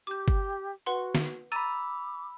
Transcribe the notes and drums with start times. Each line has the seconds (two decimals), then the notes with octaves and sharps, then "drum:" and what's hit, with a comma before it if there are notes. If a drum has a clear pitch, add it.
0.07 G4 D6 G6
0.28 drum: kick G1
0.86 F#4 B4 F#5 C6
1.15 drum: snare
1.52 A#5 B5 D6 E6 A6 D#7